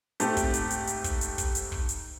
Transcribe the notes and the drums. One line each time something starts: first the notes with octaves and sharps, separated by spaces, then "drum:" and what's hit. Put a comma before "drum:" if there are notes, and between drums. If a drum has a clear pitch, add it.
G#2 A3 C4 G4, drum: hi-hat
drum: kick, hi-hat
drum: hi-hat
drum: hi-hat
drum: hi-hat
drum: kick, hi-hat
drum: hi-hat
drum: kick, hi-hat
drum: hi-hat
drum: kick
drum: hi-hat